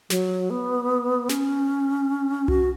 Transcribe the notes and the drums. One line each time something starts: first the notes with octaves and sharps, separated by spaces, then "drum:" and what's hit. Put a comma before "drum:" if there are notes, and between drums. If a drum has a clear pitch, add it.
F#3, drum: snare
B3
C#4, drum: snare
F#4, drum: tom C2